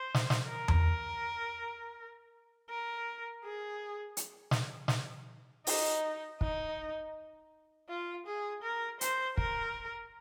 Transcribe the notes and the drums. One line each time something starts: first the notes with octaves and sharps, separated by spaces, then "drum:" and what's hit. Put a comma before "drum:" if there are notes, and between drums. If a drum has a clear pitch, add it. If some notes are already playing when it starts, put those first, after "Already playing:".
Already playing: C5
drum: snare
drum: snare
A#4
drum: tom E2
A#4
G#4
drum: hi-hat
drum: snare
drum: snare
D#4, drum: open hi-hat
D#4, drum: kick
F4
G#4
A#4
C5, drum: hi-hat
A#4, drum: kick